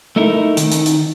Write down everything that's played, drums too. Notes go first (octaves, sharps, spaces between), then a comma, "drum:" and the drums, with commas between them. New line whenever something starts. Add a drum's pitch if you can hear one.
A3 D#4 E4 A#4
D#3, drum: hi-hat
drum: hi-hat
drum: hi-hat